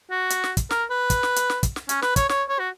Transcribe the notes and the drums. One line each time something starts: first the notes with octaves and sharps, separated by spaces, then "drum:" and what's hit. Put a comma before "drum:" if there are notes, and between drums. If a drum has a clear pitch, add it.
F#4
drum: hi-hat
drum: snare
drum: kick, hi-hat
A#4, drum: snare
B4
drum: kick, hi-hat
drum: snare
drum: hi-hat
drum: snare
drum: kick, hi-hat
drum: snare
C#4, drum: hi-hat
B4, drum: snare
C#5, drum: kick, hi-hat
C#5, drum: snare
C#5
F#4